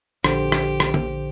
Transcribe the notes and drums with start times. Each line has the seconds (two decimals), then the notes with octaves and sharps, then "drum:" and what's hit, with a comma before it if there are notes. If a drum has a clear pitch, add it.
0.24 A#1 D3 G4 C5, drum: rim click
0.52 drum: rim click
0.80 drum: rim click
0.94 drum: tom